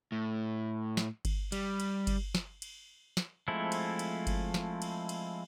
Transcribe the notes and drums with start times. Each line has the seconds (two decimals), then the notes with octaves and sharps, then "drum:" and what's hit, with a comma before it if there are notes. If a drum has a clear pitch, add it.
0.12 A2
0.97 drum: snare
1.25 drum: kick G1, cymbal
1.52 G3, drum: cymbal
1.80 drum: cymbal
2.07 drum: kick G1, cymbal
2.35 drum: snare
2.62 drum: cymbal
3.17 drum: snare
3.48 F3 G#3 A3 C4 E4
3.72 drum: cymbal
3.99 drum: cymbal
4.27 drum: kick G1, cymbal
4.54 drum: snare
4.82 drum: cymbal
5.09 drum: cymbal